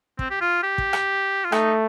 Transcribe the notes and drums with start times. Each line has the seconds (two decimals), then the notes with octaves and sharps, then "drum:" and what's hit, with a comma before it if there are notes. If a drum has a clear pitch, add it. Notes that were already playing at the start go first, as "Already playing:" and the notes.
0.19 C4, drum: kick
0.30 G4
0.41 F4
0.63 G4
0.78 drum: kick
0.93 drum: rim click
1.44 F4
1.52 A3 D#4, drum: rim click